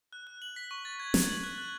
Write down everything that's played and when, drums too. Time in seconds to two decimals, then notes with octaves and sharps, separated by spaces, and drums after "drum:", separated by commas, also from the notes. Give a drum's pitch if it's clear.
0.13 F#6
0.27 F#6
0.42 F#7
0.56 B6
0.71 C#6
0.85 A6
1.00 G#6
1.14 G#6, drum: snare
1.29 F#7
1.43 F#6
1.58 F#6